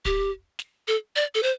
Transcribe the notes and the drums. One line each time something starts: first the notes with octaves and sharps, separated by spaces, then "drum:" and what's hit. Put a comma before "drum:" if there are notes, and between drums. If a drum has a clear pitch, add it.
G4, drum: kick
drum: snare
A4
D5
A4
C5